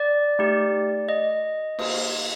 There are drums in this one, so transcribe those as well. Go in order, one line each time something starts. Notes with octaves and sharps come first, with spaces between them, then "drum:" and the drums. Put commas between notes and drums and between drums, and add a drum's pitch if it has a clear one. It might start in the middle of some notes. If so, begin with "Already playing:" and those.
Already playing: D5
A3 D#4 G4
D#5
A#3 D#4 G4, drum: cymbal